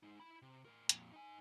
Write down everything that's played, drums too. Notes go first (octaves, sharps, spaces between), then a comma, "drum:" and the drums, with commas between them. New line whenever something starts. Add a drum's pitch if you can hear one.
G#3 D#4
E4 B5
C3
A2 A#4
F2 A#2, drum: hi-hat
D#4 G#5